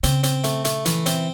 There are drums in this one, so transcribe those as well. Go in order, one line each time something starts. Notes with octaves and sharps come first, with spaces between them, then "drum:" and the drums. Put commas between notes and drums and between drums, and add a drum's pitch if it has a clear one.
C#3 C4, drum: hi-hat
C4, drum: hi-hat
A3, drum: hi-hat
A3, drum: hi-hat
E3, drum: hi-hat
C4, drum: hi-hat